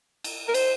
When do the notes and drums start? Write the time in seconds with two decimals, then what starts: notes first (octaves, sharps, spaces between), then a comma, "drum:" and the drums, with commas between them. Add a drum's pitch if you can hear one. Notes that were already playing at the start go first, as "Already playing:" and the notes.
0.24 drum: cymbal
0.48 A#4
0.54 C5, drum: cymbal